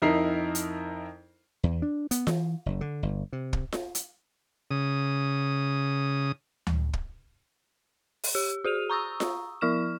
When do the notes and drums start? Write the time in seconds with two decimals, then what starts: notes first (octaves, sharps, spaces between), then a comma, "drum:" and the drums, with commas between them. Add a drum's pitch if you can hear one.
0.02 F2 D#4 E4 A#4 C7
0.55 drum: hi-hat
1.63 E2
1.82 D4
2.11 B3, drum: hi-hat
2.27 E3, drum: snare F4
2.66 F#1
2.81 D3
3.03 G1
3.33 C3
3.53 drum: kick
3.72 drum: snare F4
3.95 drum: hi-hat
4.71 C#3 D#6
6.67 drum: tom D2
6.93 drum: kick
8.24 drum: open hi-hat
8.35 G4
8.64 F#4 G#4 D#7 F7
8.90 A#5 C#6 D#6 E6
9.20 drum: snare F4
9.61 F3 E4 F6 E7